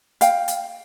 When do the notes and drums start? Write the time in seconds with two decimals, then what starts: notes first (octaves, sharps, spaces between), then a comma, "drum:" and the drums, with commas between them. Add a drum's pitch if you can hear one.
0.21 F5 G5, drum: hi-hat
0.48 drum: hi-hat